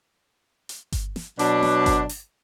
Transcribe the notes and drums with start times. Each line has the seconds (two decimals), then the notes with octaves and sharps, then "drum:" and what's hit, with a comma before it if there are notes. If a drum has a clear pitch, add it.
0.69 drum: hi-hat
0.92 drum: kick G1, hi-hat
1.16 drum: snare
1.39 B2 F#3 D4, drum: hi-hat
1.63 drum: snare
1.86 drum: kick G1, hi-hat
2.09 drum: open hi-hat